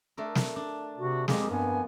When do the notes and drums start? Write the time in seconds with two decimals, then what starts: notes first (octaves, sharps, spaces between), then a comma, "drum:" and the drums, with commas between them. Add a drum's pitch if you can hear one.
0.17 A3 D4 A#4
0.35 drum: snare
0.56 D4
0.98 C3 F#4
1.28 F2 G#3 A#3 G4 G#4 D#5, drum: snare
1.50 G2 B3 G#5